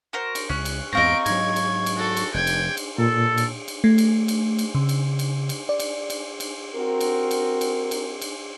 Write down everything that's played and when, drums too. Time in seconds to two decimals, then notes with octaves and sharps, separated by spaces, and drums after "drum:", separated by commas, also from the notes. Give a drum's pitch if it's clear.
0.13 F#4 A#4 C5
0.35 drum: cymbal
0.49 C#2 C#4 F#6
0.65 drum: cymbal
0.93 E2 G#2 C4 D#5 F5 A#5 C#6 D7
1.26 G#2 F#3 G#6, drum: cymbal
1.56 drum: cymbal
1.86 drum: cymbal
1.96 F#4 A4
2.17 drum: cymbal
2.34 F1 G5 G#6
2.47 drum: cymbal
2.77 drum: cymbal
2.98 A#2 A4
3.38 drum: cymbal
3.68 drum: cymbal
3.84 A3
3.98 drum: cymbal
4.28 drum: cymbal
4.59 drum: cymbal
4.75 C#3
4.89 drum: cymbal
5.19 drum: cymbal
5.49 drum: cymbal
5.69 D5
5.80 drum: cymbal
6.10 drum: cymbal
6.40 drum: cymbal
6.75 C4 F#4 A#4
7.01 drum: cymbal
7.31 drum: cymbal
7.61 drum: cymbal
7.91 drum: cymbal
8.21 drum: cymbal